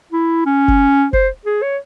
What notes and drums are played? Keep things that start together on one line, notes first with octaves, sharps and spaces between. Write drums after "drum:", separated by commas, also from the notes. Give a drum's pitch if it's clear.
E4
C#4
drum: kick F#1
C5, drum: kick F#1
G#4
C#5